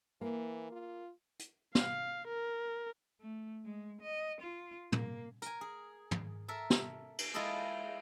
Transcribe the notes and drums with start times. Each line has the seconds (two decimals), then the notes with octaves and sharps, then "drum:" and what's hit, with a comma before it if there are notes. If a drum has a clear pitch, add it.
0.21 E3 A#3
0.72 F4
1.39 drum: hi-hat
1.75 F5, drum: snare
2.28 A#4
3.21 A3
3.65 G#3
4.01 D#5
4.41 F4
4.92 A#3, drum: tom
5.42 A#4 G#5, drum: hi-hat
5.61 G#4
6.11 drum: tom
6.48 A4 A#4 E5
6.70 drum: snare
7.18 drum: cymbal
7.34 G#3 E4 F4 G#4 A4 D#5